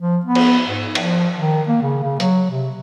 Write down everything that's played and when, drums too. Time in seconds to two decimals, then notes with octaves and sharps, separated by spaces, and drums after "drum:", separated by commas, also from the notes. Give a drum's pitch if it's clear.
0.01 F3
0.25 B3
0.35 drum: cymbal
0.67 G#2
0.95 F3, drum: cymbal
1.36 D#3
1.68 A#3
1.82 C#3
2.04 C#3
2.20 F#3, drum: hi-hat
2.51 C3